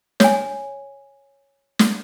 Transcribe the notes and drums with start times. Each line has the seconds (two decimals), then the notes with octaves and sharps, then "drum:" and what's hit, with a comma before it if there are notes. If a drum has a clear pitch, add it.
0.20 C#5 G#5, drum: snare
1.79 drum: snare